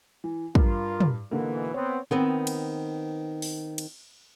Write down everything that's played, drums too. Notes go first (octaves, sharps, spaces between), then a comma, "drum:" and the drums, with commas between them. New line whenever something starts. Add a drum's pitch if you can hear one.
E3
G2 F4 A#4, drum: kick
drum: tom
G#2 B2 D3 E3 A#3
B3 C4 C#5
D#3 B3 C4
drum: cymbal
drum: open hi-hat
drum: cymbal